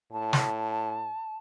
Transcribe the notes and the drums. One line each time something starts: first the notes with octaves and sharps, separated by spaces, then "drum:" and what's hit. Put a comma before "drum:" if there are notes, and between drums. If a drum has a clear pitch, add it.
A2 A5
drum: snare